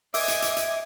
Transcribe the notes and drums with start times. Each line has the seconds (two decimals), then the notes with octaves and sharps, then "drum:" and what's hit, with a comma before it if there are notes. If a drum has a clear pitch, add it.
0.14 D#5 E5 G#5 D6, drum: open hi-hat
0.28 drum: hi-hat
0.42 drum: hi-hat
0.57 drum: hi-hat